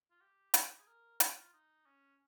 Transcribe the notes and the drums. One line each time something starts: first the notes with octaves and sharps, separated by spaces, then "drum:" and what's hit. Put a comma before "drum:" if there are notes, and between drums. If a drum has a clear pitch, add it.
F4
G4
A#4, drum: hi-hat
G4
G#4
A#4
drum: hi-hat
F4
D#4
C#4